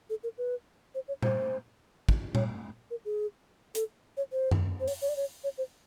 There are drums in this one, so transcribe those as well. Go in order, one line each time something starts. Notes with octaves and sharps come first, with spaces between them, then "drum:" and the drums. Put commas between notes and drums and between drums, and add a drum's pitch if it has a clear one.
A4
A#4
B4
C5
C#5
C5, drum: tom A#2
drum: kick
C#5, drum: tom A#2
A#4
G#4
A4, drum: hi-hat
C#5
C5
drum: tom
C5
C#5, drum: open hi-hat
C#5
D5
C#5
C#5
C5